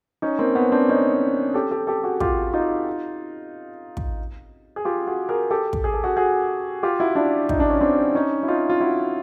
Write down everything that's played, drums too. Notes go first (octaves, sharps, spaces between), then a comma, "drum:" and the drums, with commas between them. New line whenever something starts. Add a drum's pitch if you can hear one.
C#4 D#4
A#3 C4
B3 C#4
C4 D4
C#4 D#4
G4 A4
G4 A4
G4 A4
F#4 G#4
F4 G4, drum: kick
D#4 F4
drum: kick
G#4
F4 G4
F#4 G#4
G#4 A#4
G4 A4
drum: kick
G#4
A4
F#4 G#4
F#4 G#4
F4 G4
E4 F#4
D4 E4
D#4, drum: kick
D4
C#4
C4 D4
C#4 D#4
E4
D#4 F4
F4
E4 F#4